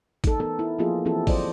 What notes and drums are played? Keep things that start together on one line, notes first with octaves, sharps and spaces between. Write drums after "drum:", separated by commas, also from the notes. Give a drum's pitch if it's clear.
D#4 A4, drum: kick, hi-hat
E3 B3 A4 A#4
E4
F3 A#3 B3 F4 G#4 D#5
E3 A#3 C4 E4 G4 A4
C5 D5 D#5, drum: kick, open hi-hat